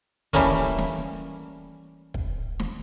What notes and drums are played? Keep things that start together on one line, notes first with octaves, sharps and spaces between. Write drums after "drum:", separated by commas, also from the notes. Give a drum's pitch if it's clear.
E3 G3 A3 A#3 C#4, drum: kick
drum: snare
drum: kick
drum: snare